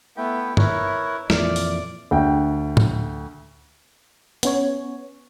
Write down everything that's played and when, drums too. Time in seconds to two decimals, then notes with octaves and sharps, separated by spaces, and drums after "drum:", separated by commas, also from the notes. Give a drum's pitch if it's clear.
0.17 A3 B3 E4 G5
0.57 E4 A#4 B4 C#5, drum: tom G2
1.30 F2 A#2 E3 D5 F6, drum: snare
1.56 drum: open hi-hat
2.11 D2 G5
2.77 drum: tom A2
4.43 B3 C#4 C#5, drum: hi-hat